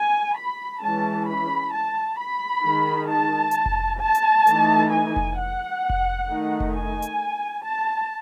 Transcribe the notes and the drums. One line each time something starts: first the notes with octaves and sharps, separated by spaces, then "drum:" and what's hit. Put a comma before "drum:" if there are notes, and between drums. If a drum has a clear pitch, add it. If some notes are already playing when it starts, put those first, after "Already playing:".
Already playing: G#5
B5
E3 G#3 C#4 A5
B5
A5
B5
D#3 G#3 D#4
A5
drum: hi-hat
drum: kick F1
A5
drum: hi-hat
E3 A3 D#4, drum: hi-hat
G#5
drum: kick F1
F#5
drum: kick F1
D#3 A3 D#4
drum: kick F1
G#5
drum: hi-hat
A5